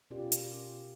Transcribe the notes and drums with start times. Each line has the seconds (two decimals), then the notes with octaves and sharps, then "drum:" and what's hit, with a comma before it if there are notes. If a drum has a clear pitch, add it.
0.10 B2 C#4 F4 G4 A#4 D5
0.32 drum: hi-hat